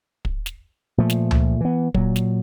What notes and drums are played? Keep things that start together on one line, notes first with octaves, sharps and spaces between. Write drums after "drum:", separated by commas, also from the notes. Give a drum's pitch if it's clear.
drum: kick
drum: snare
A#2 F3 A3
drum: snare
drum: tom C#2
E3 B3
A#2 F#3, drum: kick
drum: snare